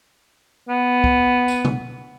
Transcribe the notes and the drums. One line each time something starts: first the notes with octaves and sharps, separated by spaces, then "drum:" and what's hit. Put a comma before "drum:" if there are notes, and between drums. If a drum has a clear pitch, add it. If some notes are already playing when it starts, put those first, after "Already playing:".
B3
drum: kick
drum: tambourine
drum: tom B2